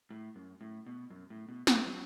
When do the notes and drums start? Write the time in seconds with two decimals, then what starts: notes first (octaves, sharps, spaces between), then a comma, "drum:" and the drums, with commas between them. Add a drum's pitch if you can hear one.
0.10 A2
0.36 F#2
0.61 A2
0.86 B2
1.10 F#2
1.30 A2
1.49 B2
1.67 F#3, drum: snare
1.87 F#3